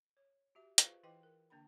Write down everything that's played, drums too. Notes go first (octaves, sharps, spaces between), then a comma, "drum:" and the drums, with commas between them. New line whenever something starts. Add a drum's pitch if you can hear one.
C#5
F#4 G4 E5
F4 G#4 B4 C5 F5, drum: hi-hat
E3 E4 B4 D#5 G5 D6
A#4
D3 A#3 D4 G5 B5